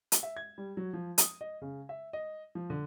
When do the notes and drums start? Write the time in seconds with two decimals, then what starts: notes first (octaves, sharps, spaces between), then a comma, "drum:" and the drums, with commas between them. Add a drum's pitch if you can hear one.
0.12 drum: hi-hat
0.23 E5
0.37 G#6
0.58 G3
0.77 F#3
0.93 F3
1.18 D#6, drum: hi-hat
1.41 D#5
1.62 C#3
1.89 E5
2.13 D#5
2.55 F3
2.70 D3